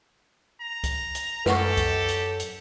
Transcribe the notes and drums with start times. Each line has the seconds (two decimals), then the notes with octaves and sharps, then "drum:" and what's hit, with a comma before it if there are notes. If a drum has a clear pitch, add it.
0.61 A#5
0.84 drum: kick C2, hi-hat
1.15 drum: hi-hat
1.46 F#2 G4 A4 B4 F#5 C#6, drum: snare
1.77 drum: kick C2, hi-hat
2.08 drum: hi-hat
2.40 drum: hi-hat